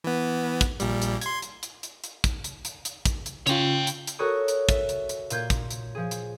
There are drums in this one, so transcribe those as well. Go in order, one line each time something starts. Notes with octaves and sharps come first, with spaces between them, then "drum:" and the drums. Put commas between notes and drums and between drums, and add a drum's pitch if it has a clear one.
E3 B3
drum: kick, hi-hat
A#1 A#2 G3, drum: hi-hat
drum: hi-hat
C6 G#6, drum: hi-hat
drum: hi-hat
drum: hi-hat
drum: hi-hat
drum: hi-hat
drum: kick, hi-hat
drum: hi-hat
drum: hi-hat
drum: hi-hat
drum: kick, hi-hat
drum: hi-hat
C#3 C#4 F4 C#5 G5, drum: hi-hat
drum: hi-hat
drum: hi-hat
F#4 A4 A#4 C#5 C#6 D#6
drum: hi-hat
E5, drum: kick, hi-hat
drum: hi-hat
drum: hi-hat
A#2 F4 G6 G#6, drum: hi-hat
drum: kick, hi-hat
drum: hi-hat
F3 G#4
drum: hi-hat